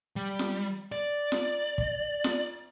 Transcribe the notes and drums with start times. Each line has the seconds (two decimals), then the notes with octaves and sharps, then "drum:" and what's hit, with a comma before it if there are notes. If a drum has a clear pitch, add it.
0.16 G3
0.39 drum: snare F4
0.92 D5
1.32 drum: snare F4
1.78 drum: kick
2.24 drum: snare F4